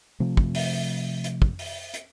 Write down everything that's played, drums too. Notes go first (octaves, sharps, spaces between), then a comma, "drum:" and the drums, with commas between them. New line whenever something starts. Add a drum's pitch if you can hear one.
C3 F3 A3
drum: kick
drum: open hi-hat
drum: hi-hat
drum: kick
drum: open hi-hat
drum: hi-hat